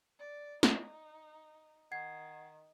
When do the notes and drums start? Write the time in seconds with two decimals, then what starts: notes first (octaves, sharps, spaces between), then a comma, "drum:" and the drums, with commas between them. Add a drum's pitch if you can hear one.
0.19 D5
0.63 D#4, drum: snare
1.91 D#3 F#5 G#6 C7